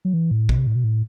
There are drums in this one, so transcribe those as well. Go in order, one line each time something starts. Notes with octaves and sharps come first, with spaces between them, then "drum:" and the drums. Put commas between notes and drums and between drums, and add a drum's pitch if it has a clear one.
F#3
E3
A2
B2, drum: kick
C3
A2
B2
A2